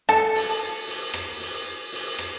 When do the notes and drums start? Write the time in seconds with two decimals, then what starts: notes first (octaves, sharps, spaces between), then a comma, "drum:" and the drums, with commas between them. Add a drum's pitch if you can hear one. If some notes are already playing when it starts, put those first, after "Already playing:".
0.09 A4 A5, drum: rim click
0.35 drum: open hi-hat
0.87 drum: open hi-hat
1.14 drum: rim click
1.40 drum: open hi-hat
1.92 drum: open hi-hat
2.19 drum: rim click